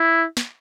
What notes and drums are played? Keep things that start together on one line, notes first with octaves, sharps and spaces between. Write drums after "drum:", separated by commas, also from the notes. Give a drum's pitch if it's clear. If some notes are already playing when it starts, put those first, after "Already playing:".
Already playing: E4
drum: snare